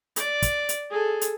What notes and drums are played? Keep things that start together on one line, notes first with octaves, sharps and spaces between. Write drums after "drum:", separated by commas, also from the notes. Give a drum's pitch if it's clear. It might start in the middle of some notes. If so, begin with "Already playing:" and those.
D5, drum: hi-hat
drum: kick, hi-hat
drum: hi-hat
G#4 A4
drum: hi-hat